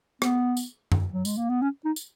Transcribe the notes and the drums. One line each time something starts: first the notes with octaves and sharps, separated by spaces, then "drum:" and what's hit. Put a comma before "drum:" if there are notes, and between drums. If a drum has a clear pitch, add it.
B3, drum: rim click
drum: tambourine
drum: tom F#2
F#3
G#3, drum: tambourine
A#3
B3
C#4
D#4
drum: tambourine